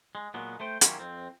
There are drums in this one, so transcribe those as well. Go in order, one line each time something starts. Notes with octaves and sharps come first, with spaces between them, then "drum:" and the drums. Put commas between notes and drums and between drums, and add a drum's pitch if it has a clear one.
G#3
A#2 F#3 G#3 B3
A3 C5 G5
D#3 F#3 G3 C#4 E4 F4, drum: hi-hat
F2 C4